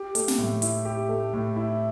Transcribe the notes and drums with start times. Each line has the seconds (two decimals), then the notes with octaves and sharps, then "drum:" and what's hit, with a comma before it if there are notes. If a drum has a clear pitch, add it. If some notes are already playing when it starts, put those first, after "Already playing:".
Already playing: G4
0.15 A3, drum: hi-hat
0.28 drum: snare
0.38 A2
0.62 E4, drum: hi-hat
0.85 G4
1.09 A3
1.33 A2
1.56 E4